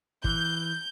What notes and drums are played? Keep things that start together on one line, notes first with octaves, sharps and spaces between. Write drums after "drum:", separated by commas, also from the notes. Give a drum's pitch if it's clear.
E3 G6, drum: kick